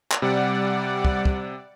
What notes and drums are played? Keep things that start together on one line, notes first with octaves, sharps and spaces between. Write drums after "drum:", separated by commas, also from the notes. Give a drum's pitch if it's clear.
drum: clap
C3 G3 D5 F#5
drum: kick
drum: kick